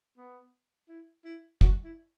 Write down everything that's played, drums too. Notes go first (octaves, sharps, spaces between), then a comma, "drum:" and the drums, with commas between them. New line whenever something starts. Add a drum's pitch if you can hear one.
B3
E4
E4
F#4, drum: kick
E4